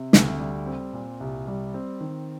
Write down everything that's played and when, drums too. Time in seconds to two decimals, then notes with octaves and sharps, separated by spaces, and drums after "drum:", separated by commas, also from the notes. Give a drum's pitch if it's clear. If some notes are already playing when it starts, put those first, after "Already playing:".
Already playing: C3
0.13 D2, drum: snare
0.40 G3
0.66 C4
0.93 A#2
1.20 C2
1.47 G3
1.74 C4
2.00 D#3